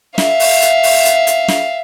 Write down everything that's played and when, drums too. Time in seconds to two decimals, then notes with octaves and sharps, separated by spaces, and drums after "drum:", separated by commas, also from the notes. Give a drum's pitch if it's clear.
0.18 E5 F5, drum: snare
0.40 drum: open hi-hat
0.61 drum: hi-hat
0.83 drum: open hi-hat
1.05 drum: hi-hat
1.27 drum: hi-hat
1.49 drum: snare